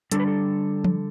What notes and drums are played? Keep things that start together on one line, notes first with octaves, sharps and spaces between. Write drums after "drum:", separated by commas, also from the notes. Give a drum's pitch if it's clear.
D3 G3 D4 A4, drum: hi-hat
B4
A4
drum: tom F3